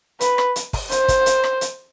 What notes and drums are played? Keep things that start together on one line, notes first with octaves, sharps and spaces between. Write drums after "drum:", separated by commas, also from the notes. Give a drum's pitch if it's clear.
B4, drum: hi-hat
drum: rim click
drum: hi-hat
drum: kick, open hi-hat
C5, drum: hi-hat
drum: kick, hi-hat
drum: hi-hat
drum: rim click
drum: hi-hat